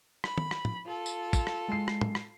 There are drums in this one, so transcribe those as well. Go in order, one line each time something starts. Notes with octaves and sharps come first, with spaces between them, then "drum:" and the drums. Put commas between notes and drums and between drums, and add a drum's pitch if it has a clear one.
B5, drum: rim click
drum: tom
drum: rim click
drum: tom
F4 A4
drum: tambourine
drum: kick, tambourine
drum: rim click
G#3 C7
drum: rim click
drum: tom
drum: rim click